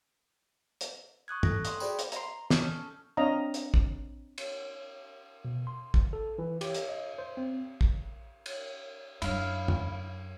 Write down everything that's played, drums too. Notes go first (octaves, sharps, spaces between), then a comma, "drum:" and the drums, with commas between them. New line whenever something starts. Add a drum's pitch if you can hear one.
drum: hi-hat
C#6 D#6 F#6 G#6
A4 A#6, drum: tom
C6 D#6, drum: hi-hat
F#4 G#4 C5 D5 G5 B5, drum: tambourine
drum: hi-hat
A#5 C6, drum: hi-hat
C#4 A4 D#6 G6, drum: snare
C4 D4 C#5 D#5 F5 A#5
drum: hi-hat
drum: kick
drum: cymbal
B2
C6
drum: kick
A4
E3
G4, drum: cymbal
drum: hi-hat
D#5
C5
C4
drum: kick
drum: cymbal
F#2 D4 E4 F5, drum: cymbal
drum: tom